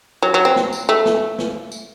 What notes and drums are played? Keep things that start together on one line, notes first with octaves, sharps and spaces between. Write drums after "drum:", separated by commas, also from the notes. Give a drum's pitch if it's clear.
F#3
F#3
C4
drum: snare
drum: tambourine
A3
drum: snare
drum: snare
drum: tambourine